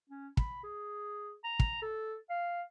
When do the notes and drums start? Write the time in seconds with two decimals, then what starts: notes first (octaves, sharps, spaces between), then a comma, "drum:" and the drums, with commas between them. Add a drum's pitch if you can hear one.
0.10 C#4
0.37 B5, drum: kick
0.63 G#4
1.44 A#5
1.60 drum: kick
1.82 A4
2.30 F5